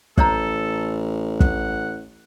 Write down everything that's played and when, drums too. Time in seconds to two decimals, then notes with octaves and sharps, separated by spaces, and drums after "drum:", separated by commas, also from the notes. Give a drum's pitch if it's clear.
0.18 A1 A4 C5 C#5 A#5, drum: kick
1.40 F#5, drum: kick